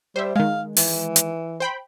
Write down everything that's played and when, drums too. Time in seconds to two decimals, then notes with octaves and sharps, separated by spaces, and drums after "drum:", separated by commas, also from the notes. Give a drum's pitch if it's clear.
0.16 G3 C5 E5
0.36 D#3 G#3 F5
0.77 E3, drum: open hi-hat
1.16 drum: hi-hat
1.60 C5 G5 B5